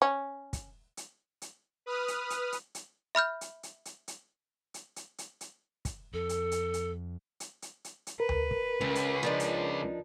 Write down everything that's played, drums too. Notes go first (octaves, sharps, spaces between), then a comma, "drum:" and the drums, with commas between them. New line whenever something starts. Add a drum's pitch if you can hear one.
C#4
drum: kick, hi-hat
drum: hi-hat
drum: hi-hat
B4 D#6 F6
drum: hi-hat
drum: hi-hat
drum: hi-hat
drum: hi-hat
E5 B5 F6 G6
drum: hi-hat
drum: hi-hat
drum: hi-hat
drum: hi-hat
drum: hi-hat
drum: hi-hat
drum: hi-hat
drum: hi-hat
drum: kick, hi-hat
F2 A4
drum: hi-hat
drum: hi-hat
drum: hi-hat
drum: hi-hat
drum: hi-hat
drum: hi-hat
drum: hi-hat
A#4 B4
drum: tom D2
drum: kick
C#2 C4
drum: hi-hat
F3 D4 D#4
drum: hi-hat